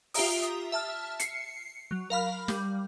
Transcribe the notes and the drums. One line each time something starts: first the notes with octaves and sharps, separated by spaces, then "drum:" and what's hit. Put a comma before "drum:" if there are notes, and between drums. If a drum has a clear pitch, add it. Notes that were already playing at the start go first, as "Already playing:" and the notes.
F4 G4 E5 A#5 D#6, drum: open hi-hat
E5 A5 F6
C7 C#7, drum: hi-hat
F#3
A#4 F5 B5 F6
G3, drum: snare